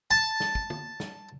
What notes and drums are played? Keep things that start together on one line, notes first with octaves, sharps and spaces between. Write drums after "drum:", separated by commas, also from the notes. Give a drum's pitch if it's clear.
A5
drum: snare
drum: kick
drum: tom
drum: snare